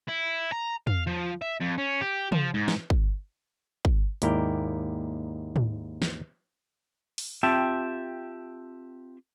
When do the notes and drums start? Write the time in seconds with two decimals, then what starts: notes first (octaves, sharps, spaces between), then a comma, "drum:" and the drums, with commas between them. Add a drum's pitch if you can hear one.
0.08 E4
0.52 A#5
0.87 F5, drum: tom
1.07 F3
1.42 E5
1.61 F2
1.78 C#4
2.01 G4
2.32 F3, drum: tom
2.54 G#2
2.68 drum: snare
2.90 drum: kick
3.85 drum: kick
4.22 D#2 G#2 E4 A#4 D5 G5, drum: hi-hat
5.56 drum: tom
6.02 drum: snare
7.18 drum: open hi-hat
7.43 C4 F4 G4 E5 G5 A5